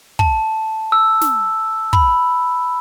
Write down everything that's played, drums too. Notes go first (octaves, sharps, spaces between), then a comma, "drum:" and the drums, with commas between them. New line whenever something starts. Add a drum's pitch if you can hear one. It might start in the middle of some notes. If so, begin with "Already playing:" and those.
A5, drum: kick
E6
drum: snare
B5, drum: kick